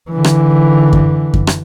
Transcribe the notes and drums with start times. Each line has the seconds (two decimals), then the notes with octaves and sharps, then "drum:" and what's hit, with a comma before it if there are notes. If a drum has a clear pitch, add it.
0.11 D3 E3
0.24 drum: rim click
0.93 drum: kick F#2
1.34 drum: kick F#2
1.47 drum: rim click